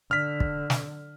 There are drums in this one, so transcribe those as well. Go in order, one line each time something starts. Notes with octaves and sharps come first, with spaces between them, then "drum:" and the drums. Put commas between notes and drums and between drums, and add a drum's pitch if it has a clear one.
D3 F6 B6
drum: kick
drum: snare